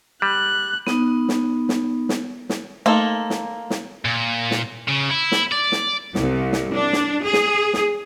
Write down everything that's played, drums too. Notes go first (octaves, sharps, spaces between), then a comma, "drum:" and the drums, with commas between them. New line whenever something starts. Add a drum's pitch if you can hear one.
G3 F#6
B3 D#4, drum: snare
drum: snare
drum: snare
drum: snare
drum: snare
A3 A#3 D#4 A4 C5
drum: snare
drum: snare
A#2
drum: snare
C#3
E4
drum: snare
D5
drum: snare
C2, drum: snare
drum: snare
D4
drum: snare
G#4
drum: snare
drum: snare